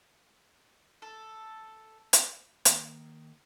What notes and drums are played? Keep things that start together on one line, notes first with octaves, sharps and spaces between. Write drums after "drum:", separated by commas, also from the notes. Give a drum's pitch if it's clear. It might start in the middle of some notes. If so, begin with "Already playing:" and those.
A4
drum: hi-hat
D#3 A#3, drum: hi-hat